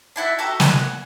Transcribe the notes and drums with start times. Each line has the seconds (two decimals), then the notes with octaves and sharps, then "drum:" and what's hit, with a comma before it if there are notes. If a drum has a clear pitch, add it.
0.16 D4 E4 F#4 E5
0.39 F#4 G4 A4 A#5
0.60 F#5 G#5, drum: snare